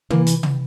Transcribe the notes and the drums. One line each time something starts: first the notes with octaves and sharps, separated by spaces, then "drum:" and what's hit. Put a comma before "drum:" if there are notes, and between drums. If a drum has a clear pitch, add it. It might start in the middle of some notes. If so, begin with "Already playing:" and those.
E3 A#3, drum: tom
drum: hi-hat
drum: tom